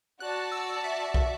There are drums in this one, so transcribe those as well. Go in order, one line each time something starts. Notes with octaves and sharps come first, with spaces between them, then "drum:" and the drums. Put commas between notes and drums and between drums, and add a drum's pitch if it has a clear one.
F#4 D5 A5 F#6
E6
E5
E5, drum: kick